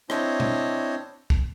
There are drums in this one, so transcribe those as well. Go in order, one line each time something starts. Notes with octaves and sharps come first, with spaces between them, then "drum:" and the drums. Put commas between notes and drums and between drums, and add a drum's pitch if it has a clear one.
C4 D4 E4 C5 C#5 D#5, drum: rim click
drum: tom B2
drum: kick